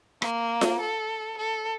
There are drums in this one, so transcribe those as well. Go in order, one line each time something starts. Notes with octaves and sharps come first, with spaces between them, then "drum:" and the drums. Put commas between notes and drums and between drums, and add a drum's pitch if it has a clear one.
A#3, drum: rim click
drum: snare F4
A4
A4